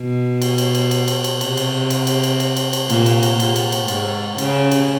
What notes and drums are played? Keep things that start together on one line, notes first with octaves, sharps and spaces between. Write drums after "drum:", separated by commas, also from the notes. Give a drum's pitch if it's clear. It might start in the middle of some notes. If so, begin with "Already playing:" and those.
Already playing: B2
drum: cymbal
drum: cymbal
drum: cymbal
drum: cymbal
drum: cymbal
drum: cymbal
C3, drum: cymbal
drum: cymbal
drum: cymbal
drum: cymbal
drum: cymbal
drum: cymbal
drum: cymbal
drum: cymbal
A#2, drum: cymbal
drum: cymbal
drum: cymbal
A#2, drum: cymbal
drum: cymbal
drum: cymbal
G#2, drum: cymbal
C#3, drum: cymbal
drum: cymbal